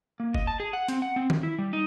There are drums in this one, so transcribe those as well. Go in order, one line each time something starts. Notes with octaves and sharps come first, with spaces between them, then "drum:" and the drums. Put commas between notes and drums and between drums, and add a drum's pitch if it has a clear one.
A#3
D#5, drum: kick G1
A5
G#4
F#5
C4, drum: hi-hat
F#5
C4
D#3, drum: tom D#3
E4
G3
D#4